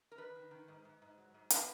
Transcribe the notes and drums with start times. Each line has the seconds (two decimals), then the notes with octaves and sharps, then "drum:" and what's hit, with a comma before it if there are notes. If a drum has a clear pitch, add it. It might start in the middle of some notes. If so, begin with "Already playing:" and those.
0.12 A#4
0.18 D#3 B4
0.36 D#3
0.51 D#3
0.68 G#2
0.85 G#2
1.02 G#2
1.18 F#3
1.34 G#2
1.50 B4, drum: hi-hat